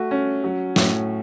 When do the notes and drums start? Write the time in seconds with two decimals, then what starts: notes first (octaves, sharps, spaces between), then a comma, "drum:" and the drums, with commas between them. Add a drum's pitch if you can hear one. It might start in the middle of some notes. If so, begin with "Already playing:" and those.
Already playing: A3 F#4
0.11 C#4
0.44 F#3
0.76 A2, drum: snare